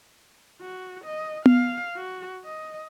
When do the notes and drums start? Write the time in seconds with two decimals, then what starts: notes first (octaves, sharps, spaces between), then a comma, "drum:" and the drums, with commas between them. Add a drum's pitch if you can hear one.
0.61 F#4
1.04 D#5
1.46 F5, drum: tom B3
1.96 F#4
2.44 D#5